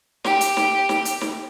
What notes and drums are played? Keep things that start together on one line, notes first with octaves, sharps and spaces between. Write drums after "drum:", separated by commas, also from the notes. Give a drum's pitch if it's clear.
G4, drum: snare
drum: hi-hat
drum: snare
drum: snare
drum: hi-hat
drum: snare